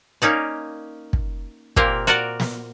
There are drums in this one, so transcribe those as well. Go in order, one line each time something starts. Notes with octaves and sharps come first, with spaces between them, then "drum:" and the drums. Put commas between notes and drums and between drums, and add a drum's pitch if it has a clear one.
A#3 C#4 D#4 D5
drum: kick
A#2 A#3 C4 G4 A#4, drum: kick
F#4 A#4 D5 F#5
drum: snare